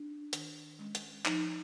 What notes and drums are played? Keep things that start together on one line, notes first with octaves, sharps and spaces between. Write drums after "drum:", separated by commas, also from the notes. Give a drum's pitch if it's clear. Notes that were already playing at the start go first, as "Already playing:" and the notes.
Already playing: D4
D#3, drum: hi-hat
G#3 C#4
drum: hi-hat
F3 D#4, drum: clap